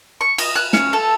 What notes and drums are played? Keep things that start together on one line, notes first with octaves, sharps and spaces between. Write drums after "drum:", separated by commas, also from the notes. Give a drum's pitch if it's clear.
C#6
D#5, drum: cymbal
F#6
C#4, drum: snare
A4